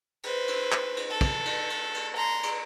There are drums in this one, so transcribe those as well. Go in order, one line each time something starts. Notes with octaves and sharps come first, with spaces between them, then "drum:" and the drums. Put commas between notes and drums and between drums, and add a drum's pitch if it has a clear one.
B4 C5, drum: cymbal
drum: cymbal
drum: clap
drum: cymbal
A4
drum: kick, cymbal
drum: cymbal
drum: cymbal
drum: cymbal
A#5 C6
drum: cymbal